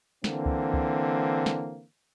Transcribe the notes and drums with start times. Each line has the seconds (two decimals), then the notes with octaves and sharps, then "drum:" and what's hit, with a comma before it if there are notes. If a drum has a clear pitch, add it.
0.24 D3 E3 A#3 C4, drum: snare
0.46 drum: kick C#2
0.73 drum: kick C#2
1.46 drum: snare